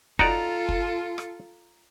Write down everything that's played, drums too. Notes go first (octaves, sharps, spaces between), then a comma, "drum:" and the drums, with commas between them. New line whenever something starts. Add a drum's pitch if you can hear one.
D#4 F4 F#4 A4 D5 A#5, drum: kick
drum: kick
drum: rim click